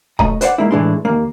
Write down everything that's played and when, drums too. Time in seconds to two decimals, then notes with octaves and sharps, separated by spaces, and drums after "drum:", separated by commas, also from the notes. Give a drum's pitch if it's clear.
0.19 B1 A3 D#5 A#5, drum: kick D#1
0.41 B4 C5 D5 F#5, drum: hi-hat
0.58 G#3 A#3 E4
0.71 A2 E3 G#3 D4 C6
1.05 D#2 A#3